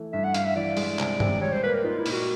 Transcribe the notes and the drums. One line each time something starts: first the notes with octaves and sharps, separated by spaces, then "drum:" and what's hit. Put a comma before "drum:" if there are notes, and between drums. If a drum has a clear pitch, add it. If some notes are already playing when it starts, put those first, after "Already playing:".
Already playing: E3 A3
G2 E5
F#5
G2 F5, drum: hi-hat
E5
E3 D5
G#3, drum: open hi-hat
C3, drum: clap
C3, drum: tom
G3 C#5
C5
A#3 B4
A#4
D#4 F4
E4
A#2, drum: open hi-hat
F#4